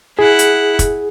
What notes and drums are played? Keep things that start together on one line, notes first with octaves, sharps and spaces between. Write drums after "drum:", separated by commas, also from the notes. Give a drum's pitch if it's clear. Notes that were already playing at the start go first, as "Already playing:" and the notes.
E4 G#4 F#5
drum: hi-hat
drum: kick, hi-hat